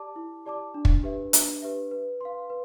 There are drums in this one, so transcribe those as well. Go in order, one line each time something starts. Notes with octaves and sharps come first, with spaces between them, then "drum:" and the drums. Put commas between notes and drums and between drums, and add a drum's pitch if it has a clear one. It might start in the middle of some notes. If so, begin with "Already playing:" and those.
Already playing: G4 D5 A5 D6
E4
G4 D5 A5 D6
D4
drum: kick
G4 B4 E5
D4, drum: hi-hat
G4 B4 E5
B4
F5 C6
B4